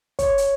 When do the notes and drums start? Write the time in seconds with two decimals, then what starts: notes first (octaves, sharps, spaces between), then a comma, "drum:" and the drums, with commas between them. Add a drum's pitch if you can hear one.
0.19 C#5, drum: kick, hi-hat
0.38 drum: hi-hat